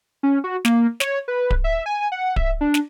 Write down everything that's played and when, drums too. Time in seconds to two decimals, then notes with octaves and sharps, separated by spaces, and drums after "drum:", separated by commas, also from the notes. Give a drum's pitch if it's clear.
0.23 C#4
0.44 F#4
0.65 A#3, drum: snare
1.00 C#5, drum: snare
1.28 B4
1.51 drum: kick D1
1.64 E5
1.86 G#5
2.12 F#5
2.36 E5, drum: kick D1
2.61 D4
2.74 drum: snare